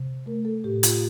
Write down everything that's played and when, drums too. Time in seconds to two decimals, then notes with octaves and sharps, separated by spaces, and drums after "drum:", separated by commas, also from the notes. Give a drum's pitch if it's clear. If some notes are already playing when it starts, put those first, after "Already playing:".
Already playing: C3
0.26 A3 A#4
0.45 A4
0.64 A2 G4
0.83 F4, drum: hi-hat